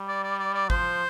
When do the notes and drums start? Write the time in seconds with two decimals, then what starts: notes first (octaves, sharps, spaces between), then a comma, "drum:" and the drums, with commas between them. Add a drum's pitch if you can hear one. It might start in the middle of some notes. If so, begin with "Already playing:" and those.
Already playing: G3
0.08 D5
0.24 D5
0.39 D5
0.55 D5
0.70 F3 C5, drum: kick